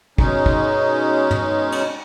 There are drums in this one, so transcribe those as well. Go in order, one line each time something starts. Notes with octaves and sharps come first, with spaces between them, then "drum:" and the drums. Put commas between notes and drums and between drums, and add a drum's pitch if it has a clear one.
B2 G#3 C#4 D#4, drum: kick
drum: kick
drum: tom
drum: cymbal